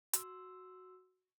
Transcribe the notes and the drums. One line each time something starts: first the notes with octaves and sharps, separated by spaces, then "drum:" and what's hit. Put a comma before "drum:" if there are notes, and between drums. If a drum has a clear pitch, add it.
F#4 C6 E6, drum: hi-hat